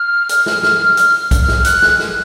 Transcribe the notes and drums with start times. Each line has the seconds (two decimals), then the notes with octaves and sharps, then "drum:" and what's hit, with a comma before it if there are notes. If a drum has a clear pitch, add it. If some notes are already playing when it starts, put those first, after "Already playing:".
Already playing: F6
0.29 drum: hi-hat
0.46 drum: snare
0.63 drum: snare
0.97 drum: hi-hat
1.31 drum: kick, hi-hat
1.48 drum: snare
1.65 F#6, drum: hi-hat
1.82 drum: snare
1.99 drum: snare